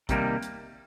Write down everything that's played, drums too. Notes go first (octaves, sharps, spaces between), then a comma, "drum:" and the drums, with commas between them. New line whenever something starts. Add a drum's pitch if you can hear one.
C3 D#3 G3 A#3 D#4, drum: kick, hi-hat
drum: hi-hat